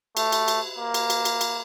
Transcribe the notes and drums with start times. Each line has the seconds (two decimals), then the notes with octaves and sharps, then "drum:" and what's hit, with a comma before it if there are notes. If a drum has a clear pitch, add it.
0.17 A3, drum: cymbal
0.32 drum: cymbal
0.48 drum: cymbal
0.79 A#3
0.94 drum: cymbal
1.10 drum: cymbal
1.25 drum: cymbal
1.41 drum: cymbal